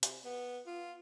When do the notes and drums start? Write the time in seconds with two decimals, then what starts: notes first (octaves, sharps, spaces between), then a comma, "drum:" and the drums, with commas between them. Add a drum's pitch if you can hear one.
0.03 C3, drum: hi-hat
0.25 B3
0.67 F4